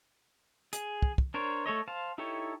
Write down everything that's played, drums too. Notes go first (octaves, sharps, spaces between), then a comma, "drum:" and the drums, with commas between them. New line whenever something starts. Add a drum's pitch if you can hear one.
G#4, drum: hi-hat
drum: kick
drum: kick
D4 A#4 C5 C#5
A3 A4 C#5 D#5
C5 F5 A5
D#4 E4 G4 A4 C#5